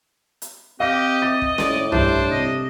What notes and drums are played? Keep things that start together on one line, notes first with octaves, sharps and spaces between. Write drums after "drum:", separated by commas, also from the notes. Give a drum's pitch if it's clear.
drum: hi-hat
C4 G4 D#5 F5 A#6
E5 D6 A6
drum: kick
A2 D5, drum: snare
G2 D4 E4 C5, drum: tom
C3 D#5